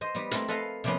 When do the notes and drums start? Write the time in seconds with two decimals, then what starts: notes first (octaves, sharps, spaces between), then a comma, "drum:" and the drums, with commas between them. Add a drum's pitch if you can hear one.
0.01 C5 D#5
0.15 G3 B3
0.31 A3 C4 E4 A#4, drum: hi-hat
0.48 A4 B4 D#5 F5 G#5 A#5
0.84 C3 F3 G3 A#3 B3 C#4